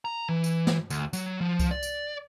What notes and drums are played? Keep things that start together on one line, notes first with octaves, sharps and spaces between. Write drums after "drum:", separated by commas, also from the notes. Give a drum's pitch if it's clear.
A#5
E3
drum: tambourine
drum: snare
D2, drum: tambourine
F#3, drum: tambourine
F3
drum: kick C2, tambourine
D5
drum: tambourine